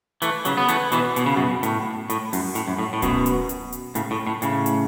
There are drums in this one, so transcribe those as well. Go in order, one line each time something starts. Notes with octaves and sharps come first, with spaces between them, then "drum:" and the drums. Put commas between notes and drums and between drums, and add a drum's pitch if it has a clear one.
E3 A3, drum: hi-hat
C#3 F#3, drum: hi-hat
B3
E3 A3, drum: hi-hat
B2 E3, drum: hi-hat
B2, drum: hi-hat
C#3
F#2 B2
A2, drum: hi-hat
A2, drum: hi-hat
F#2, drum: open hi-hat
A2, drum: hi-hat
F#2
A2
A2
F#2 B2, drum: kick D1, hi-hat
drum: hi-hat
drum: hi-hat
drum: hi-hat
A2 C#3, drum: hi-hat
A2
A2
A2 C#3, drum: hi-hat
drum: hi-hat